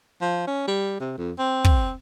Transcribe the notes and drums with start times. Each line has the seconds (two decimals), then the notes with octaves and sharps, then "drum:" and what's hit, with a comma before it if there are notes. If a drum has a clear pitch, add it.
0.21 F3
0.47 C#4
0.68 G3
1.00 C3
1.18 F2
1.38 C4
1.64 drum: kick